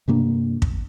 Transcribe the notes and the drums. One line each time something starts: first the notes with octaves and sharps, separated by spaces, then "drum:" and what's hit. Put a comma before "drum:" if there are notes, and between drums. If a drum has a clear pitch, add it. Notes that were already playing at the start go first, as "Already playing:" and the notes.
G2 C3 A#3 D4
drum: kick